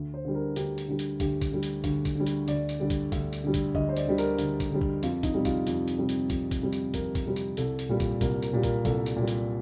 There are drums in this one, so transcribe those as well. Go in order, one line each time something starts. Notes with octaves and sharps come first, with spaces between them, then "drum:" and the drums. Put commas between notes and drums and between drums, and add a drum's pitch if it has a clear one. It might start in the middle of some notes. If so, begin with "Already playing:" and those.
Already playing: D2
C5
D3 G3
A#4
D2 G4, drum: hi-hat
drum: hi-hat
D3 G3
drum: hi-hat
D2 G4, drum: kick, hi-hat
drum: kick, hi-hat
D3 G3
drum: hi-hat
D2, drum: kick, hi-hat
drum: kick, hi-hat
D3 G3
drum: hi-hat
D2 D5, drum: hi-hat
drum: hi-hat
D3 G3
drum: kick, hi-hat
D2, drum: kick, hi-hat
drum: hi-hat
D3 G3
drum: kick, hi-hat
D2 D#5, drum: kick
C5
D5, drum: hi-hat
D3 G3
A#4, drum: hi-hat
D2, drum: hi-hat
drum: kick, hi-hat
D3 G3
drum: kick
F2 F4, drum: hi-hat
D#4, drum: kick, hi-hat
C3 G3
F4, drum: kick, hi-hat
F2, drum: hi-hat
drum: hi-hat
C3 G3
drum: hi-hat
F2, drum: kick, hi-hat
drum: kick, hi-hat
C3 G3
drum: hi-hat
F2 A#4, drum: kick, hi-hat
drum: kick, hi-hat
C3 G3
drum: hi-hat
C2 A4, drum: hi-hat
drum: hi-hat
A#2 G3
drum: kick, hi-hat
C2 A#4, drum: kick, hi-hat
A#4, drum: hi-hat
A#2 G3
A#4, drum: kick, hi-hat
C2 A4, drum: kick, hi-hat
drum: hi-hat
A#2 G3
drum: hi-hat